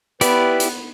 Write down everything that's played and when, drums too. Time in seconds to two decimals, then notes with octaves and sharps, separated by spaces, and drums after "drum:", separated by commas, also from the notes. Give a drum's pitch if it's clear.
0.21 B3 E4 G4 B4 D5, drum: hi-hat
0.60 drum: hi-hat